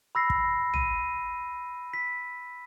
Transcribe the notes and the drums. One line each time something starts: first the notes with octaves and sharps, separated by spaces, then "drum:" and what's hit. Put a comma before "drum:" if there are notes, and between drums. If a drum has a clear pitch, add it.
B5 E6 A#6 C7
drum: kick
D#7, drum: tom A#1
B6